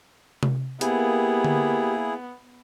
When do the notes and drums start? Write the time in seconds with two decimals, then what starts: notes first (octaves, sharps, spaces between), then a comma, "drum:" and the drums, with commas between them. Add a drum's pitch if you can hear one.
0.43 drum: tom C3
0.81 A#3 B3 E4 G4 G#4, drum: hi-hat
1.45 drum: tom D3